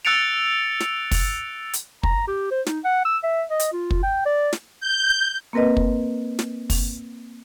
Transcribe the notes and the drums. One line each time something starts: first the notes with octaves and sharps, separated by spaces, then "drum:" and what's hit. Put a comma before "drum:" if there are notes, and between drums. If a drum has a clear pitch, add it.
E6 F#6 A6 C#7 D7 F7
drum: snare
drum: kick, open hi-hat
drum: hi-hat
A#5, drum: kick
G4
C5
D#4, drum: snare
F#5
E6
E5
D#5
drum: hi-hat
F4
drum: kick
G5
D5
drum: snare
G6
A#3 C4 A#4 B4 D#5
drum: kick
drum: snare
drum: kick, open hi-hat